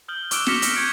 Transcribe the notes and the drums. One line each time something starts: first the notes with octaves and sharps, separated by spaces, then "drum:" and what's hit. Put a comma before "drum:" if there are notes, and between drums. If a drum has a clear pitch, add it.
D#6 F6 G6 F#7 G7
C#6 D6 E6 F#6 D7 G7, drum: hi-hat
F6 A#6 B6 C#7 E7 F7, drum: snare
E6 B6, drum: hi-hat
C#6 G6 G#6 A#6 C#7 D7